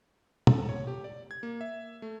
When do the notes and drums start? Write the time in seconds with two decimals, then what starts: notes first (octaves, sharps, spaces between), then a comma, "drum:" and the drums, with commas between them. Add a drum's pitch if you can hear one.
0.47 A4, drum: tom
0.69 C#5
0.87 G4
1.04 D5
1.31 G#6
1.43 A#3
1.61 E5
2.02 A3